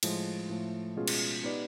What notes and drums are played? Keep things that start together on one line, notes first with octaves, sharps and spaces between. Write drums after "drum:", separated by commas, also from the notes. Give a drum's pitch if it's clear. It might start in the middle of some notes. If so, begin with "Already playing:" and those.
A2 F3 G#3, drum: cymbal
A2 F3 A3
B2 G#3 C#4 F4 G#4
drum: cymbal
B3 D#4 G4 B4 D5